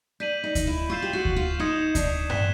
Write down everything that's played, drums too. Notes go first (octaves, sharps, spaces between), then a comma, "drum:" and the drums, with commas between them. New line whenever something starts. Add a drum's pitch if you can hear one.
D4 G6 B6 D#7 F#7
D#4
drum: kick D2, hi-hat
E4
F4 C#6 E6 G6 C7 E7
G4
F#4
drum: kick D2
F4
D#4 D#6 G#6 C#7 E7
D4, drum: kick D2, hi-hat
C4 F#6 B6 E7 G7, drum: tom G2